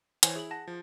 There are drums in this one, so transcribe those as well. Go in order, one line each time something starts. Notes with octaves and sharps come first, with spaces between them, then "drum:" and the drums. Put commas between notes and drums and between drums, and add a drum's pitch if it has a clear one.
E3 C5 C#5 G#5, drum: hi-hat
E4 G#4 F#7
F#5 A5 A#6
F3